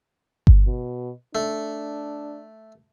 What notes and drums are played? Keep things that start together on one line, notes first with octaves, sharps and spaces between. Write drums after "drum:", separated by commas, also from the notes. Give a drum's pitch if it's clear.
drum: kick G1
B2
A3 D4